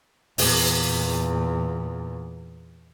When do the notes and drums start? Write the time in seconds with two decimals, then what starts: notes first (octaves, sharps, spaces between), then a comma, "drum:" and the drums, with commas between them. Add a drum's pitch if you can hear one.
0.38 E2 A#2, drum: open hi-hat